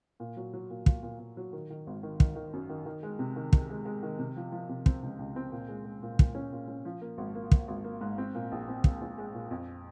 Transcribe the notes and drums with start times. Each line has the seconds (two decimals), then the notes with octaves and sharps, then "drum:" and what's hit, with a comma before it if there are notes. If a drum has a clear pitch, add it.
0.20 A#2
0.37 F#3
0.54 F#3
0.70 A#2
0.86 A#2, drum: kick
1.03 A#2
1.20 A#2
1.37 F#3
1.53 D#3
1.70 D#3
1.87 G#1
2.03 D#3
2.20 D#3, drum: kick
2.36 D#3
2.53 F#2
2.69 D#3
2.86 D#3
3.03 G#3
3.19 C3
3.36 D#3
3.53 D#3, drum: kick
3.70 G#3
3.85 G#3
4.03 D#3
4.19 C3
4.36 F3
4.52 F3
4.69 C3
4.86 C4, drum: kick
5.03 C#2
5.19 C#2
5.36 C4
5.52 A#2
5.69 G#3
5.85 G#3
6.03 A#2
6.19 A#2, drum: kick
6.35 C#4
6.52 A#2
6.68 C#4
6.85 F3
7.01 A#3
7.18 G#1
7.35 A#3
7.52 A#3, drum: kick
7.68 G#1
7.84 A#3
8.01 G#2
8.18 C4
8.35 A#2
8.52 A#1
8.68 C4
8.84 A#2, drum: kick
9.01 A#1
9.18 G#3
9.34 A#2
9.51 F2